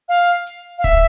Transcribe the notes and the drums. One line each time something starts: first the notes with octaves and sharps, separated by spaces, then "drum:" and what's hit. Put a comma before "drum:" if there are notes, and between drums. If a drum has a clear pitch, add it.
F5
drum: hi-hat
F5
E5, drum: kick D1, hi-hat